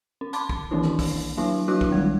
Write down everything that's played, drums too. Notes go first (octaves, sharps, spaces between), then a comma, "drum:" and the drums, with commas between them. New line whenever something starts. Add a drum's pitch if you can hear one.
C#4
A5 B5 C6 D6, drum: hi-hat
drum: kick
D#3 E3 A#3 C#4 D4 E4
drum: snare
drum: kick, open hi-hat
F#3 A#3 D4 E4
F#3 D4 E4 F#4 D6 F#6
drum: kick
D#3 G3 G#3 G#6